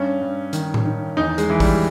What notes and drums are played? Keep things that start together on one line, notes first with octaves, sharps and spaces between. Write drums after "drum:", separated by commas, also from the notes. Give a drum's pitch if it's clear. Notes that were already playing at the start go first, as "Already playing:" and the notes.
Already playing: G2 C#4
G2
D#3, drum: hi-hat
drum: tom A2
D#3
E2 D#4
G#3, drum: hi-hat
E3
G3, drum: kick, open hi-hat